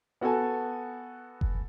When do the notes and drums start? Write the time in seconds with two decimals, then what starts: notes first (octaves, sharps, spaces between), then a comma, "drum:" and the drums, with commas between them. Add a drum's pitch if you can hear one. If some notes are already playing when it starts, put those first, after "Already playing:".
0.21 B3 F#4 A4 G#5 A5
1.41 drum: kick F#1